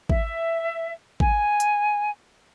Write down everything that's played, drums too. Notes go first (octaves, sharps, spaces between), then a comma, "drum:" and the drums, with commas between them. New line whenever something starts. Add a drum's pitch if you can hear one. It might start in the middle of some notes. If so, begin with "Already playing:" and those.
E5, drum: kick
G#5, drum: kick
drum: hi-hat